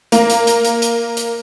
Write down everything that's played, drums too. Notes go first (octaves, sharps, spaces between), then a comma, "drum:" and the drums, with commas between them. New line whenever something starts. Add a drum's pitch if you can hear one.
A#3, drum: hi-hat
drum: hi-hat
drum: hi-hat
drum: hi-hat
drum: hi-hat
drum: hi-hat